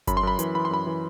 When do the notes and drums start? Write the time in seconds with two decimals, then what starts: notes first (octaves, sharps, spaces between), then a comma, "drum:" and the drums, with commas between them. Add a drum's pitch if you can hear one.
0.07 F#2 B5, drum: kick G1, hi-hat
0.17 C6
0.23 F#2 B5
0.39 E3, drum: hi-hat
0.55 E3 B5
0.65 C6
0.71 F#2 B5
0.87 E3